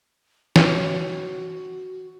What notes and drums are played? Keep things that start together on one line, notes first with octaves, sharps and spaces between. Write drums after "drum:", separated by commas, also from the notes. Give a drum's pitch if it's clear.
F#4 C#5, drum: snare